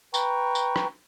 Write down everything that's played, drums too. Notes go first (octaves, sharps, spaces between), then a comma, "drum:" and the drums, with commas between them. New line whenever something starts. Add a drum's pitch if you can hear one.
B4 G5 A#5 C#6, drum: tambourine
drum: tambourine
drum: rim click